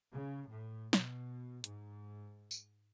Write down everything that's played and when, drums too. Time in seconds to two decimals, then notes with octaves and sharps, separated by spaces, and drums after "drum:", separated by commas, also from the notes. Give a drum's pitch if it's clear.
0.11 C#3
0.47 A2
0.93 B2, drum: snare
1.64 G#2, drum: hi-hat
2.51 drum: tambourine